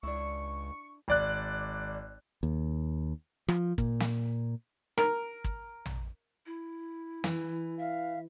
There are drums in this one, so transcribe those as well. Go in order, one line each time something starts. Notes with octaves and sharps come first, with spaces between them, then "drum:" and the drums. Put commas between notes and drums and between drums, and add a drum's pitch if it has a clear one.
C#2 D4 E4 C#6
G#1 D5 F#6
D#2
F3, drum: rim click
A#2, drum: kick
drum: snare
A#4, drum: rim click
drum: kick
drum: tom
E4
E3, drum: snare
E5 F5